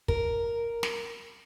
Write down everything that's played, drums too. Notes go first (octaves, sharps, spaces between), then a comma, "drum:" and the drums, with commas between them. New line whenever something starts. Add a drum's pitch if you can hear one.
A#4, drum: kick
drum: snare